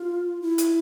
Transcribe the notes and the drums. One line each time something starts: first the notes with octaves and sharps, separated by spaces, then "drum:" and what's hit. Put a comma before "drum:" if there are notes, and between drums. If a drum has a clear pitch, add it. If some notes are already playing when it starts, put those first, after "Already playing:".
Already playing: F4
E4
drum: hi-hat